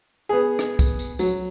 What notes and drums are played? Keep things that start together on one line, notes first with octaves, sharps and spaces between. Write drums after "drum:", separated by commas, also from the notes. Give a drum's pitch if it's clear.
B3 G#4
drum: rim click
drum: kick, tambourine
drum: tambourine
F#3, drum: tambourine